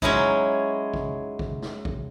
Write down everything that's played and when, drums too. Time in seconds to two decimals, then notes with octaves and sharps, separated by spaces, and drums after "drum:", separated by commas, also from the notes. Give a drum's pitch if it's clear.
0.02 F#3 G#3 C#4 D#4 E4, drum: kick
0.94 drum: kick
1.39 drum: kick
1.62 drum: snare
1.85 drum: kick